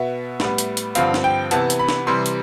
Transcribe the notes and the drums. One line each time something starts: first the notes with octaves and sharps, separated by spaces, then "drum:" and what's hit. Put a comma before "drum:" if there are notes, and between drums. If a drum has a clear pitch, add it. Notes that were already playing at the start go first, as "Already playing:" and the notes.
Already playing: B2 B3 E5
A2 G3 B3, drum: snare
drum: hi-hat
drum: hi-hat
G2 D3 F3 C4 F5, drum: hi-hat
drum: snare
G5
C3 E3 B3 A5, drum: hi-hat
drum: hi-hat
B5
drum: snare
C3 E3 G3 C6
drum: hi-hat